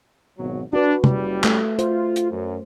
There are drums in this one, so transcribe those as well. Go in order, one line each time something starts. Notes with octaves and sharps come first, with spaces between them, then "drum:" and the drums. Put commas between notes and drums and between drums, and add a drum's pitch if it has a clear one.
G#1 B2 F#3
D4 F#4 B4
F#1 G3, drum: tom
A3, drum: clap
F4 C5, drum: hi-hat
drum: hi-hat
F#2